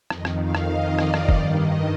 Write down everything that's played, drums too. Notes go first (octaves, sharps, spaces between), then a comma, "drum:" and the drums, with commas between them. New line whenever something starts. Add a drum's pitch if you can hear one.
F2 D#3 D#5, drum: rim click
drum: rim click
F5
drum: rim click
D#5
D5, drum: rim click
drum: rim click
G2 D#3 D5, drum: kick
D#5